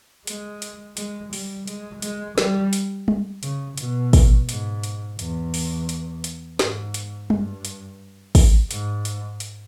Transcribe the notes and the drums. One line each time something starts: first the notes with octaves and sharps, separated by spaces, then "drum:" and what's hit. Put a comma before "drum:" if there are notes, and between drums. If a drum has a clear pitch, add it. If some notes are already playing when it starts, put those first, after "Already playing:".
G#3, drum: hi-hat
drum: hi-hat
G#3, drum: hi-hat
G3, drum: open hi-hat
G#3, drum: hi-hat
G#3, drum: hi-hat
G3, drum: snare
drum: hi-hat
drum: tom G3
C#3, drum: hi-hat
B2, drum: hi-hat
drum: kick, open hi-hat
G#2, drum: hi-hat
drum: hi-hat
E2, drum: hi-hat
drum: open hi-hat
drum: hi-hat
drum: hi-hat
G#2, drum: snare
drum: hi-hat
G2, drum: tom G3
drum: hi-hat
drum: kick, open hi-hat
G#2, drum: hi-hat
drum: hi-hat
drum: hi-hat